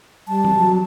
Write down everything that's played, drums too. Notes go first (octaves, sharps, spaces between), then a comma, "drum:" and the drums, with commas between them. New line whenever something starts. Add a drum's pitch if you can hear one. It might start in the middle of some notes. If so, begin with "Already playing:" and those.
G3 A5
drum: tom E3
F#3